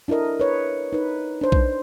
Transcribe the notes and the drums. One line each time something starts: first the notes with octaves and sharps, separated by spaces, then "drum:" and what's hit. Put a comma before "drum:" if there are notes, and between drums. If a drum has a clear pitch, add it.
D4 E4 A4 A#4 D#5
B4 C#5
D#4 B4
D4 C5
drum: kick B1